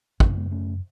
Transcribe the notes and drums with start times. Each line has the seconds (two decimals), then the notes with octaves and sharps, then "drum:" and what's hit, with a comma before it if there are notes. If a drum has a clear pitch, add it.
0.20 F#2 C#3 A3 C#4, drum: kick
0.36 G#3 B3
0.51 A3 C#4